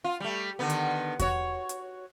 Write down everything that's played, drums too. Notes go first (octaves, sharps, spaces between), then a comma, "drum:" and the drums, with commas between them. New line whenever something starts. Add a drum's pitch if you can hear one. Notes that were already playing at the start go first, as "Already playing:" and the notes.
F4
G3 A3
D3 D#3 B3
drum: hi-hat
F#4 C#5, drum: kick E2, hi-hat
drum: hi-hat